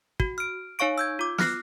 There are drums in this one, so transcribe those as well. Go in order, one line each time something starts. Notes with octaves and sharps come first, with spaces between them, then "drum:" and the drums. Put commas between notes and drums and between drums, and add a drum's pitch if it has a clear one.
F#4, drum: kick
F6 D7
D#4 C#5 F5 C#6 D7
E6 G6 G#6
F4 D6
F6 F#6 A#6 C7, drum: snare